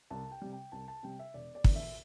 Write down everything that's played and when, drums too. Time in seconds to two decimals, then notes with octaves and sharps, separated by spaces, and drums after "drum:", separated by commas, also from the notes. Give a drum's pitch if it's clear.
0.10 C2 A5
0.31 G5
0.42 C3 G3
0.52 G5
0.72 C2 A5
0.88 A5
1.03 C3 G3 G5
1.19 E5
1.34 E1 D5
1.55 D5
1.64 E2 D3 A3, drum: kick
1.75 E5